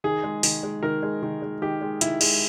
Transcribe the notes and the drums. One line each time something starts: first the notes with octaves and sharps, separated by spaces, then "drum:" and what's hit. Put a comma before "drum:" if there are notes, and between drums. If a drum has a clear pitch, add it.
D#3 G#4
G#3
D#3, drum: open hi-hat
G#3
D#3 A#4
G#3
D#3
G#3
D#3 G4
G#3
D#3 E4, drum: hi-hat
G#3, drum: cymbal